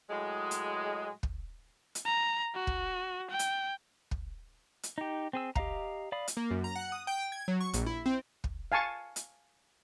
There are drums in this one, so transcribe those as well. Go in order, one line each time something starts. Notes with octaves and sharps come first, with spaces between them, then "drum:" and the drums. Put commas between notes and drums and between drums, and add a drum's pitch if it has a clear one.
A2 F#3 G#3
drum: hi-hat
drum: kick
drum: hi-hat
A#5
F#4
drum: kick
G5
drum: hi-hat
drum: kick
drum: hi-hat
D#4 G4
C4 G#4 E6
G4 D#5 F5 A#5, drum: kick
D5 F5 B5 D#6
drum: hi-hat
A#3
F#2
A#5
F#5
D#6
G5
G#6
F#3
C#6
A#1, drum: hi-hat
E4
C4
drum: kick
F5 G#5 A5 C#6
drum: hi-hat